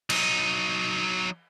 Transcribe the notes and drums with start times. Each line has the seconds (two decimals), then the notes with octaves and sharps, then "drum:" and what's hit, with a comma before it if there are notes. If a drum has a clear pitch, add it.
0.10 F#3 D#4, drum: cymbal